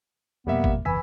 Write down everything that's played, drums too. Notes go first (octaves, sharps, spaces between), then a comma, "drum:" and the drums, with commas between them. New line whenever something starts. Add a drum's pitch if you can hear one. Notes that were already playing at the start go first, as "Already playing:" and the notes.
F2 B2 G3 A#3 B3 E5
drum: kick
F#1 E2 C3 E3 G#5 E6 B6